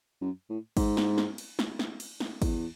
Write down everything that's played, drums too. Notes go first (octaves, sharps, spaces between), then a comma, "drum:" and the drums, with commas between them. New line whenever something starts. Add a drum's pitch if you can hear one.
F#2
A2
G#2, drum: kick, cymbal
drum: snare
drum: snare
drum: cymbal
drum: snare
drum: snare
drum: cymbal
drum: snare
E2, drum: kick, cymbal